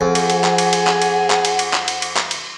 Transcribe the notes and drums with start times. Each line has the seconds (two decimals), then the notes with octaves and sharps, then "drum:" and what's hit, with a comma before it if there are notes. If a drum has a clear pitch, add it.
0.01 F2 G#4 F#5
0.15 drum: cymbal
0.30 drum: cymbal
0.44 drum: clap
0.58 drum: cymbal
0.73 drum: cymbal
0.87 drum: clap
1.02 drum: cymbal
1.30 drum: clap
1.45 drum: cymbal
1.59 drum: cymbal
1.73 drum: clap
1.88 drum: cymbal
2.02 drum: cymbal
2.17 drum: clap
2.31 drum: cymbal